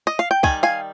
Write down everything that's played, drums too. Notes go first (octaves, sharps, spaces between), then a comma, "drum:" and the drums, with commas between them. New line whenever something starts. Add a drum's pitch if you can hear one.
D#5
F5
G5
D#3 G3 G#5, drum: kick C2
F5 G#5